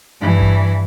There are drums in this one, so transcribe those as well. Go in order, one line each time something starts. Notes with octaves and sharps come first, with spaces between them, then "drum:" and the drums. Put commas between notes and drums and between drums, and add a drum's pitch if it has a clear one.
G2 E3
drum: kick G#1